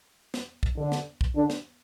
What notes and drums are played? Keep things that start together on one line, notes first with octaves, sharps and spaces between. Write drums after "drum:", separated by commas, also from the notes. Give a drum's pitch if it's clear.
drum: snare
drum: kick
D3 D4
drum: snare
drum: kick
D3 D4
drum: snare